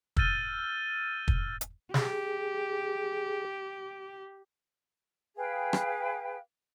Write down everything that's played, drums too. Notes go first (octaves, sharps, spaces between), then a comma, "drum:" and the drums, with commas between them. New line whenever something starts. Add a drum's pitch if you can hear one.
E6 F6 G6 A6 D#7 G7, drum: kick
drum: kick
drum: hi-hat
G4 G#4, drum: snare
G#4 B4 F5 G5
drum: rim click